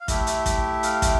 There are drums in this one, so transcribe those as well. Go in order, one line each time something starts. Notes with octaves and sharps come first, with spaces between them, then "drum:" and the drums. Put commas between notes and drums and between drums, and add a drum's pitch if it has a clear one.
F5
A3 E4 G4 E5, drum: kick, hi-hat
drum: hi-hat
drum: kick, hi-hat
F5, drum: hi-hat
drum: kick, hi-hat